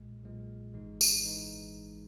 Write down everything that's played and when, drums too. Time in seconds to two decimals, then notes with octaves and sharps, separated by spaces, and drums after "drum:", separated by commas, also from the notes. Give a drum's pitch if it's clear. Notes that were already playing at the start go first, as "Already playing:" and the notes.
Already playing: B1 A#2 G#3
0.24 B1 A#2 G#3
0.73 G#1 G#2 E3 G#3 D#4
1.01 drum: tambourine
1.24 E3 G#3 D#4